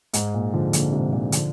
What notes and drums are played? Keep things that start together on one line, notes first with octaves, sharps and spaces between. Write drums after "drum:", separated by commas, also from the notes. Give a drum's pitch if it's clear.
G#2, drum: hi-hat
A#2
D3 F3
A#2 D3, drum: hi-hat
G#2 C3
A#2 D3
D3 F3, drum: hi-hat